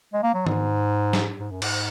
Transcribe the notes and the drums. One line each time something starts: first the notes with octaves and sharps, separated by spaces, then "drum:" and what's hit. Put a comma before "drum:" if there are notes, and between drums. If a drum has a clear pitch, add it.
G#3
A#3
F#3
G#2, drum: tom D#3
drum: snare
G#2
F#2
G#2, drum: cymbal